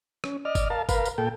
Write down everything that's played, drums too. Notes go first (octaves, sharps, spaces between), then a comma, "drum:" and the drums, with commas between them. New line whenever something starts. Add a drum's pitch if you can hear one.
C#4, drum: rim click
D5 D#5 F6
drum: kick G1, tambourine
A#4 F5 A5
A#4 B4 F5, drum: kick G1, tambourine
drum: tambourine
A#2 A4 G5